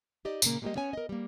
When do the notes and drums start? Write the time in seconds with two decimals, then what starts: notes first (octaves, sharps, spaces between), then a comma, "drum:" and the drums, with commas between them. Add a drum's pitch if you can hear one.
0.25 D#4 G4 D5 D#5
0.42 A#2 C#3 A#3, drum: tambourine
0.62 G3 G#3 A#3 F#4 G4 D#5
0.75 B3 C#4 C#5 G#5
0.93 A#4 D#5
1.09 G3 A#3